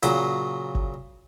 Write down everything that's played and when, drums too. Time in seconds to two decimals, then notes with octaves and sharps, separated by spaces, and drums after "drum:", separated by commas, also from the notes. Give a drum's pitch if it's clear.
0.03 A#2 C#3 F#3, drum: hi-hat
0.75 drum: kick G#1